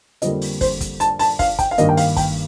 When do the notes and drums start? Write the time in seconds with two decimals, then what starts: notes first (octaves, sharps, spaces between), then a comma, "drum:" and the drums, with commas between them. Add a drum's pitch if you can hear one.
0.22 F2 D3 G3 A#3 D#5, drum: hi-hat
0.42 drum: open hi-hat
0.61 C5, drum: kick, open hi-hat
0.81 drum: kick, hi-hat
1.00 A5, drum: hi-hat
1.19 A5, drum: open hi-hat
1.39 F5, drum: kick, open hi-hat
1.59 G5, drum: kick, hi-hat
1.71 F5
1.78 G2 D#3 A#3 D#5, drum: hi-hat
1.89 G5
1.97 F5, drum: open hi-hat
2.17 G5, drum: kick, open hi-hat